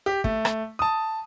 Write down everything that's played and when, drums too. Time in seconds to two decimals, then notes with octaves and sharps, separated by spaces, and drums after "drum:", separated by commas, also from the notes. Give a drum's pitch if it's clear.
0.06 G4
0.24 A3, drum: kick
0.45 drum: rim click
0.79 A5 D#6